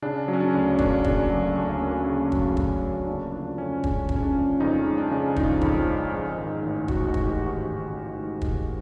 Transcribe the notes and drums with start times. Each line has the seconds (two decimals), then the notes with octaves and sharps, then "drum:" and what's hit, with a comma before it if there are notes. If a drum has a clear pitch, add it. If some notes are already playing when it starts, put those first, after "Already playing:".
0.02 C#3 D4
0.28 F#3
0.33 C#4
0.40 D4
0.54 D2
0.79 A#3 D4, drum: kick
1.04 C#3 D4, drum: kick
1.30 F#3
1.56 D2 D4
1.67 C#4
1.81 A#3
1.92 C#4
2.06 C#3
2.32 F#3, drum: kick
2.57 D2, drum: kick
2.82 A#3
3.07 C#3 D4
3.32 F3 D4
3.58 F2 C#4
3.84 G#3 C#4, drum: kick
4.09 C#3, drum: kick
4.16 C#4
4.23 D4
4.35 F3
4.60 F2 D#4
4.85 G#3
4.98 D4
5.11 C#3
5.36 F3 D#4, drum: kick
5.61 F2, drum: kick
5.87 G#3
6.12 G#2
6.37 D#3
6.63 A1
6.88 A1 F#4, drum: kick
7.07 F#4
7.14 G#2, drum: kick
7.26 G4
7.40 D#3
7.46 F#4
7.64 A1
7.90 A1
8.15 G#2
8.41 D#3, drum: kick